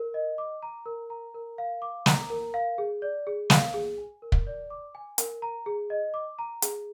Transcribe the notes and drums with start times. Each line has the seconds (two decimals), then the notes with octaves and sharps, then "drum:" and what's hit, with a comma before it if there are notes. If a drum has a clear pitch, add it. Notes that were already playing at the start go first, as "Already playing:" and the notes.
Already playing: A#4
0.14 D#5
0.38 D6
0.63 A#5
0.86 A#4
1.10 A#5
1.34 A#4
1.58 F5
1.82 D6
2.06 A#5, drum: snare
2.30 A#4
2.54 F5
2.78 G#4
3.02 D5
3.27 G#4
3.50 F5, drum: snare
3.74 G#4
3.98 G#5
4.22 A#4
4.32 drum: kick
4.47 D5
4.70 D6
4.95 G#5
5.18 A#4, drum: hi-hat
5.42 A#5
5.66 G#4
5.90 D#5
6.14 D6
6.39 A#5
6.62 G#4, drum: hi-hat